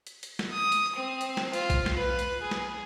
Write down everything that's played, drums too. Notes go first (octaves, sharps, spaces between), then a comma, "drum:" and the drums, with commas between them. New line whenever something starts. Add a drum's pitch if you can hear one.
drum: hi-hat
drum: hi-hat
drum: snare
D#6
drum: hi-hat
C4
drum: hi-hat
drum: snare
F4, drum: hi-hat
drum: kick B1, hi-hat
drum: snare
B4
drum: hi-hat
G#4
drum: snare